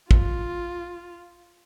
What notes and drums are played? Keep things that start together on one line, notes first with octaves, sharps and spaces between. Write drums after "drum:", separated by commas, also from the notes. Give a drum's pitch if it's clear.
F4, drum: kick